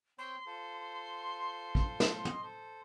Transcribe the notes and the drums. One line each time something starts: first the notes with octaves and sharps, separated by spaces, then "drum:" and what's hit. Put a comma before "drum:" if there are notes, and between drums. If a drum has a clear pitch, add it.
C4 C#5 G5 C6
F4 A4 C5
drum: kick
drum: snare
D#5, drum: tom
A4 C5